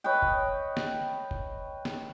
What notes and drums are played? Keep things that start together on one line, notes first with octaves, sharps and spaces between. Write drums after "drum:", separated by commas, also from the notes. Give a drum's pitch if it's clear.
B4 C#5 D#5 G5
drum: kick
drum: snare
drum: kick
drum: snare